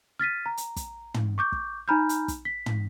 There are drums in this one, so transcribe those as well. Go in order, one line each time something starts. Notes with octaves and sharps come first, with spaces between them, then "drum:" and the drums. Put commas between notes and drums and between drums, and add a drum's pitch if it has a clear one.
F6 A6 B6 D#7
A#5
drum: hi-hat
drum: kick, hi-hat
drum: tom
C#6 D6 G6
drum: kick
D#4 G#5 A#5 B5 F6 G6
drum: hi-hat
drum: kick, hi-hat
B6
drum: tom